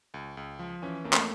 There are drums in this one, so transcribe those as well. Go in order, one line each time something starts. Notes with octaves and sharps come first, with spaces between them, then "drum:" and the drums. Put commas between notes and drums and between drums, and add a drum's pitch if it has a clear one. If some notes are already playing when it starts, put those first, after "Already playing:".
C#2
C#2
F3
E3 C#4
F2 A#3
A3, drum: clap